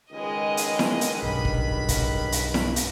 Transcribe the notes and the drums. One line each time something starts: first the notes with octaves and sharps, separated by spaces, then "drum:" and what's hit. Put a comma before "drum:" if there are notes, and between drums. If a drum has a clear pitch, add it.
C#2 D#3 G#3 B4 D#5
drum: hi-hat
drum: snare E4
drum: hi-hat
B1 G2 B5
drum: kick
drum: kick, hi-hat
drum: hi-hat
drum: snare E4
drum: hi-hat